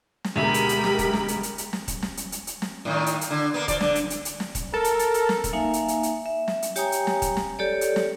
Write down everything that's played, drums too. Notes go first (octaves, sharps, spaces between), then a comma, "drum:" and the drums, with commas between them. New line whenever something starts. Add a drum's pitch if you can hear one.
drum: snare
D2 B2 G#3 G4 A#4 E5 B5
drum: hi-hat
drum: hi-hat
drum: snare
drum: kick D#1, hi-hat
drum: snare
drum: hi-hat
drum: hi-hat
drum: hi-hat
drum: snare
drum: kick D#1, hi-hat
drum: snare
drum: hi-hat
drum: hi-hat
drum: hi-hat
drum: snare
A2 D#3
drum: hi-hat
drum: hi-hat
D3
A#3 B3
F3 D5, drum: kick D#1, hi-hat
D3, drum: snare
drum: hi-hat
drum: hi-hat
drum: hi-hat
drum: snare
drum: kick D#1, hi-hat
A4 A#4
drum: hi-hat
drum: hi-hat
drum: hi-hat
drum: snare
drum: kick D#1, hi-hat
A#3 D#4 E5 F5 G#5
drum: hi-hat
drum: hi-hat
drum: hi-hat
E5
drum: snare
drum: hi-hat
G4 C#5 G5 G#5 A#5 D#6, drum: hi-hat
drum: hi-hat
drum: snare
drum: kick D#1, hi-hat
drum: snare
G4 A4 C#5 D5
drum: hi-hat
drum: snare